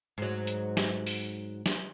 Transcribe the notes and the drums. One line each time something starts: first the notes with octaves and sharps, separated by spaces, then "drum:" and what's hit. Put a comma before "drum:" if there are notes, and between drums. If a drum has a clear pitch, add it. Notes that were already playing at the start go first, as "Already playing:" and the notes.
G#2 F#3
drum: hi-hat
drum: snare
drum: open hi-hat
drum: snare